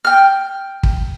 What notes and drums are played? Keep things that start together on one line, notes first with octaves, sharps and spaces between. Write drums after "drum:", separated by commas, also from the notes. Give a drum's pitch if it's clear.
G5 F6
drum: kick